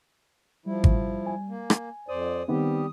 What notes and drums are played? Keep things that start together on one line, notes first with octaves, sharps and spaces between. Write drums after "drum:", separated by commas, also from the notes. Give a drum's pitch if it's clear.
F3 G3 E4
drum: kick G#1
G#5
A#3
drum: rim click
F2 C5 D5 D#6
D#3 G3 B3 C4 G4